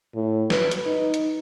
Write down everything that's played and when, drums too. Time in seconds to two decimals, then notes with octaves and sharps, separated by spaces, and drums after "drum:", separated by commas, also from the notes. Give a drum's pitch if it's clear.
0.15 A2
0.50 B4, drum: snare
0.71 drum: hi-hat
0.86 D#4
1.14 drum: hi-hat